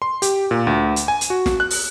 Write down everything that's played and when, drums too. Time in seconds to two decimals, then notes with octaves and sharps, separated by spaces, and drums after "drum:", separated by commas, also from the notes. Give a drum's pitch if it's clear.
0.02 C6
0.22 G4, drum: hi-hat
0.51 A#2
0.67 D2
0.96 drum: hi-hat
1.08 G#5
1.21 drum: hi-hat
1.30 F#4
1.46 drum: snare
1.60 F#6
1.70 drum: open hi-hat